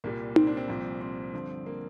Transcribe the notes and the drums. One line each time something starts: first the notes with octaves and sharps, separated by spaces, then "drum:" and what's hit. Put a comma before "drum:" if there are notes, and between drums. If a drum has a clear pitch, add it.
C2 A#2 G3 A#3
C4, drum: tom D#4
D4
C4
C2 A#2 F3
C4
G2 D3 F3
A#3